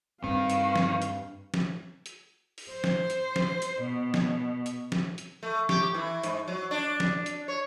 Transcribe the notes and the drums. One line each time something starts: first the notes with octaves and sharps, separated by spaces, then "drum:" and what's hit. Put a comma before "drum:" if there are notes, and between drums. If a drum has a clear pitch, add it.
G2 D#3 C4 B4 F5
drum: hi-hat
drum: snare
drum: hi-hat
drum: snare
drum: hi-hat
drum: open hi-hat
C5
drum: snare
drum: hi-hat
drum: snare
drum: hi-hat
B2
drum: snare
drum: hi-hat
drum: snare
drum: hi-hat
A3
G4, drum: snare
E3
G#2, drum: hi-hat
F#3
D4
drum: snare
drum: hi-hat
C#5